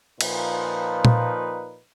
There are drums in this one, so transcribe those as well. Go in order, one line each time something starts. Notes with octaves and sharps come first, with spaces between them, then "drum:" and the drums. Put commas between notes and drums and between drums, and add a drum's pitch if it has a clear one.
A#2 F3 D#4 B4, drum: cymbal
drum: tom A#2